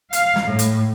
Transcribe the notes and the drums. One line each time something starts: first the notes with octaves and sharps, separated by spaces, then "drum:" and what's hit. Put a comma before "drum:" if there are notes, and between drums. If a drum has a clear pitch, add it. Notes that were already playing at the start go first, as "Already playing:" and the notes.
F5, drum: hi-hat
drum: snare
A2
drum: hi-hat